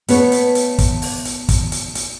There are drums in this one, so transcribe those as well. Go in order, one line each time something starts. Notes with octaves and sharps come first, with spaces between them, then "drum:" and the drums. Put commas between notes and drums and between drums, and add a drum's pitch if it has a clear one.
A3 B3 C#5, drum: hi-hat
drum: hi-hat
drum: hi-hat
drum: kick, hi-hat
drum: open hi-hat
drum: hi-hat
drum: kick, hi-hat
drum: hi-hat
drum: hi-hat